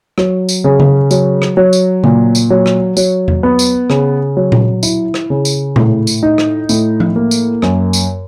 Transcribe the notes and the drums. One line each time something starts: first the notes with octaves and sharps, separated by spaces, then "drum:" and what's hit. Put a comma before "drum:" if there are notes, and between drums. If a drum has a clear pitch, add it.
F#3, drum: rim click
drum: tambourine
C#3
drum: tom C#3
F#3, drum: tambourine
drum: rim click
F#3
drum: tambourine
A#2, drum: tom C#3
drum: tambourine
F#3
drum: rim click
F#3, drum: tambourine
drum: tom E2
B3
drum: tambourine
C#3, drum: rim click
F#3
drum: tom A#2
E4, drum: tambourine
drum: rim click
C#3
drum: tambourine
A2, drum: tom A#2
drum: tambourine
D#4
drum: rim click
A2, drum: tambourine
drum: tom F3
A#3
drum: tambourine
F#2, drum: rim click
drum: tambourine